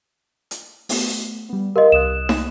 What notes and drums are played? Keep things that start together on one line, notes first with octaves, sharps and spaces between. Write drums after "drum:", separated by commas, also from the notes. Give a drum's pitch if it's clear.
drum: hi-hat
A3 B3, drum: open hi-hat
G3 B3
G4 A#4 D#5 F5 C6
C2 D#6 F#6 E7
drum: snare